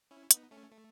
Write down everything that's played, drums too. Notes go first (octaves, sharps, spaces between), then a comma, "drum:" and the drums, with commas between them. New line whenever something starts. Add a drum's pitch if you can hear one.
C#4 E4
B3 D#4, drum: hi-hat
A3 C#4
A3